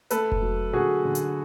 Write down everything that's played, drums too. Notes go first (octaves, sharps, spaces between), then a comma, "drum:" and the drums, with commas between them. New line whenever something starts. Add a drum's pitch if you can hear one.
A3 A4 B4, drum: hi-hat
drum: kick F1
F#3
D3 F#4 G#4
D3
drum: hi-hat